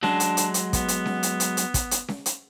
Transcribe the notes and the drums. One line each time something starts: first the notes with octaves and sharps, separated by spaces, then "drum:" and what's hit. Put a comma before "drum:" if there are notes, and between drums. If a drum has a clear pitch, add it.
F#3 G#3 D4, drum: snare C#4
drum: hi-hat
drum: hi-hat
drum: hi-hat
B3, drum: kick, hi-hat
drum: hi-hat
drum: snare C#4
drum: hi-hat
drum: hi-hat
drum: hi-hat
drum: kick, hi-hat
drum: hi-hat
drum: snare C#4
drum: hi-hat